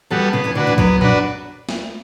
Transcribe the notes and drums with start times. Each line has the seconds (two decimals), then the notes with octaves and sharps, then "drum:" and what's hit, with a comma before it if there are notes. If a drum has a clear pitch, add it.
0.10 E2 E3 G3 B3 F#4 A4
0.33 C#3 B3
0.44 E2 E3
0.55 D2 D3 D4 F#4 B4
0.67 E2 E3
0.78 F#2 F#3 B3, drum: kick
1.01 D4 F#4 B4, drum: tom A#2
1.69 drum: snare